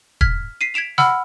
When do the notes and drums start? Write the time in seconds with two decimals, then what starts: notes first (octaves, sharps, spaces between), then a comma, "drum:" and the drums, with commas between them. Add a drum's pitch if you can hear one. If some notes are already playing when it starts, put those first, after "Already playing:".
0.21 F6 G#6 B6, drum: kick
0.61 B6 C7 D#7
0.74 G#6 B6 D7 E7 F7
0.98 F#5 B5 E6 F6, drum: snare